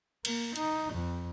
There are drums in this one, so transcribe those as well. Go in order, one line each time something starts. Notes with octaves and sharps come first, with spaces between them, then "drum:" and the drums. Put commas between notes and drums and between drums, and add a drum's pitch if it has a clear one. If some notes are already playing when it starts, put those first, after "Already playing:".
A#3, drum: cymbal
D#4, drum: hi-hat
F2